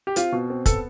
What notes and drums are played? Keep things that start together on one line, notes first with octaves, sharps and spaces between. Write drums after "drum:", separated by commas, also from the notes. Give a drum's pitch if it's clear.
G4
C4 F4, drum: hi-hat
B2
C4
B3 A4, drum: kick, hi-hat